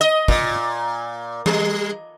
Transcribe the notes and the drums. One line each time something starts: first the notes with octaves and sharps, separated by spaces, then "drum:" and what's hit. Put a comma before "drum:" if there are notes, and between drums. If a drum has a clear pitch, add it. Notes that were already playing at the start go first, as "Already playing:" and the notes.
D#5
A#2, drum: kick
G3, drum: tom E3